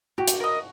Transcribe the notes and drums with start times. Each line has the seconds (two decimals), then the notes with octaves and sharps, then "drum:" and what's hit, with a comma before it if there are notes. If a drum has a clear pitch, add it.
0.18 F#4 G4
0.28 drum: hi-hat
0.40 A#4 D#5